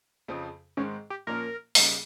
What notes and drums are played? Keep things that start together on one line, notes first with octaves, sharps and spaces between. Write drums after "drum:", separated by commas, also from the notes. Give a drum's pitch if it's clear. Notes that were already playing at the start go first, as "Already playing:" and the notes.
F2 C#3 F3 C4
G#2 D#3 G#3 C4 C#4
G4
A#2 F3 A#3 C#4 A#4
D#2 C#3 G3 A#3 D#4, drum: open hi-hat